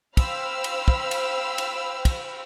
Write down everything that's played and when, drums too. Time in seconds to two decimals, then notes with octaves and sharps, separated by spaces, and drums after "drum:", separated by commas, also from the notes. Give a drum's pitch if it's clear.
0.17 C5 F5 G5 B5 E6 F6, drum: kick, cymbal
0.64 drum: cymbal
0.88 drum: kick
1.11 drum: cymbal
1.58 drum: cymbal
2.05 drum: kick, cymbal